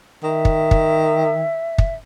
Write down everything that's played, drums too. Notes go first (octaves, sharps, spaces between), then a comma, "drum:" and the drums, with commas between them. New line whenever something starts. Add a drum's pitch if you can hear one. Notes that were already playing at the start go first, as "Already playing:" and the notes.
D#3 E5
drum: kick
drum: kick
drum: kick